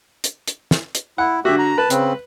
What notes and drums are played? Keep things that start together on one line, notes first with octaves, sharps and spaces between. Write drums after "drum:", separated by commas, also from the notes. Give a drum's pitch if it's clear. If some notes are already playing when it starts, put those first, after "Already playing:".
drum: hi-hat
drum: hi-hat
drum: snare
drum: hi-hat
E4 F#5
D3 F#4 G4 E5
A#5
B4 A5
C#3 C4, drum: hi-hat